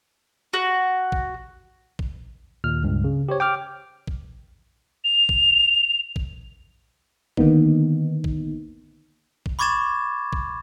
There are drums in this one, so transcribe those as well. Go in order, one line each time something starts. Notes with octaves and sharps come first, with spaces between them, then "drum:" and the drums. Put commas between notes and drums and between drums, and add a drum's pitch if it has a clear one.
F#4
drum: kick
drum: kick
D#2 A#2 F6
C#2 G2
C#3
G4 C5 C#5
G5 D6 F6
drum: kick
F7
drum: kick
drum: kick
D3 D#3 A#3 B3 D#4, drum: kick
drum: kick
drum: kick
B5 C#6 D6 G#6 A6 E7
drum: kick